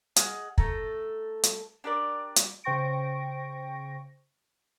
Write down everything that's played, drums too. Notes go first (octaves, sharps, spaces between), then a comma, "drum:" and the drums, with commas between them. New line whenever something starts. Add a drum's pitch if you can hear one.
G#4 D#5 F#5 F6, drum: hi-hat
A3 A4 A#5, drum: kick
drum: hi-hat
D4 G4 A#4 D5
drum: hi-hat
C#3 C5 G5 C#6 A#6 D7